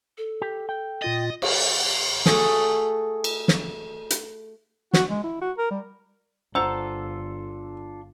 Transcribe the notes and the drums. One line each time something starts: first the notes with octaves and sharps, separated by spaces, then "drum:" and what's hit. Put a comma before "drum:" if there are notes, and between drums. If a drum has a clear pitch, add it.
A4
G4
G5
A#2 F4 D#5 A6
drum: cymbal
A3 F#4 G#4 A4, drum: snare
drum: cymbal
drum: snare
drum: hi-hat
F#4, drum: snare
G#3
E4
F#4
A#4
G3
G1 D4 F4 A4 C5 F#5 A#5 E6